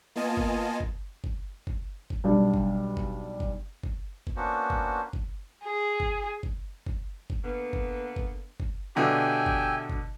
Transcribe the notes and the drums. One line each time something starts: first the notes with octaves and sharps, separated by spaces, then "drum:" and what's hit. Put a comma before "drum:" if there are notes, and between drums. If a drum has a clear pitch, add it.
A#3 B3 F4 D#5 G#5 A5
drum: kick G1
drum: kick G1
drum: kick G1
drum: kick G1
drum: kick G1
B1 G3 D4
drum: kick G1
drum: kick G1
drum: kick G1
drum: kick G1
drum: kick G1
A#3 B3 C#4 D4 F#4 C5
drum: kick G1
drum: kick G1
G#4
drum: kick G1
drum: kick G1
drum: kick G1
drum: kick G1
D3 A#3 B3
drum: kick G1
drum: kick G1
drum: kick G1
B2 D3 D4 G4 E5 G5 G#5
drum: kick G1
drum: kick G1